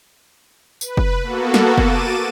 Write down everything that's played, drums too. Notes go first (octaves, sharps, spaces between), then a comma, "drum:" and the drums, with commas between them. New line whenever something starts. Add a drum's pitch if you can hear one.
B4, drum: tambourine
drum: kick
A#3 B3 F#4 A4
drum: snare
D6 A6 D#7 E7, drum: kick